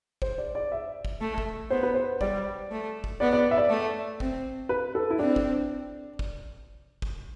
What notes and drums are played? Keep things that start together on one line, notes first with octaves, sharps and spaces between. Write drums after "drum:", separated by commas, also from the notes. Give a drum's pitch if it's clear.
C5, drum: kick
D5
D5
E5
drum: kick
A3
drum: kick
B3 C5
B4
C5
G3 D5, drum: kick
A3
drum: kick
B3 D5
D5
E5
D5
A3
C4, drum: kick
B4
A4
E4
C4 D4
drum: kick
drum: kick
drum: kick